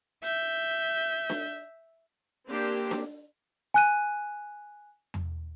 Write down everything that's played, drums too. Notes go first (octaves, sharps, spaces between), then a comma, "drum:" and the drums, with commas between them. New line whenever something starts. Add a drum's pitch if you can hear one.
E5 G6, drum: hi-hat
drum: snare D4
A#3 C4 D4 G4 C5
drum: snare D4
G#5 F#6 D#7
drum: tom E2